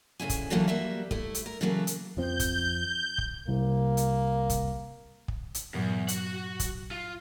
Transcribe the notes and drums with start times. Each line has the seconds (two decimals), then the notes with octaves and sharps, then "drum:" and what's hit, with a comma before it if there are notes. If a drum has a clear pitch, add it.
0.20 D2 C#3 E4 G#5
0.30 drum: kick, hi-hat
0.50 A2 D3 E3 F#3 A3 A#3
0.68 G3 A#3 F#4 E5
1.11 A3 E4, drum: kick
1.35 drum: hi-hat
1.46 A#4
1.61 C#3 E3 F#3 A3 A#3
1.87 drum: hi-hat
2.17 F2 F3 C4 G6
2.40 drum: kick, hi-hat
3.18 drum: kick
3.48 C2 A#3
3.97 drum: hi-hat
4.50 drum: kick, hi-hat
5.28 drum: kick
5.55 drum: hi-hat
5.74 E2 G2 A#2 F#3
6.08 F#4 F#5, drum: hi-hat
6.60 drum: kick, hi-hat
6.91 F4